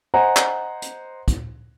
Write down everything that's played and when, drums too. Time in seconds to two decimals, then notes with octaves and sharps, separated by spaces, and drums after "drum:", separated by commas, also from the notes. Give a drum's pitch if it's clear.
0.14 C5 D#5 F#5 G#5 A#5
0.37 drum: clap
0.82 drum: hi-hat
1.28 drum: kick, hi-hat